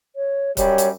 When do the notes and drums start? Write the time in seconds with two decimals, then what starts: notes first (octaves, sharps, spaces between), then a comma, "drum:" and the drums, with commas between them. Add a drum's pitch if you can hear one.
0.16 C#5
0.57 F#2 G3 C#5, drum: kick, hi-hat
0.78 drum: hi-hat